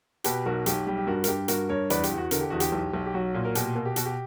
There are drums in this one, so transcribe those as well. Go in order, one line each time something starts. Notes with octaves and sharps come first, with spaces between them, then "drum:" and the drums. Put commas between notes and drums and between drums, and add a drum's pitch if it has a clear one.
B2 G4 B4, drum: hi-hat
B1 F#4 A#4
B1 G4, drum: hi-hat
G3 G4
G4
G2 F#4 A#4
A#4, drum: hi-hat
G2 G4
G2 F#4 A#4, drum: hi-hat
G2 A#4 C#5
E2 B4 D5, drum: hi-hat
G4, drum: hi-hat
E2
F#4
D3 A#4, drum: hi-hat
G4
E2 F#4
G4, drum: hi-hat
B1
B1
G4
F#3 F#4
A#2
A#4
B2 G4, drum: hi-hat
B2 A#4
G4
B2 F#4, drum: hi-hat
G4